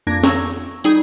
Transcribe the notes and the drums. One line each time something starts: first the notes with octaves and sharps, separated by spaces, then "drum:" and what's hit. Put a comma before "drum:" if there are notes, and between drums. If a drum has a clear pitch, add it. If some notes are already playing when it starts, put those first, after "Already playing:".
F2 A#3 D4 G#6 A#6
C#6 E6, drum: snare
G3 D#4 G#4 D#6, drum: hi-hat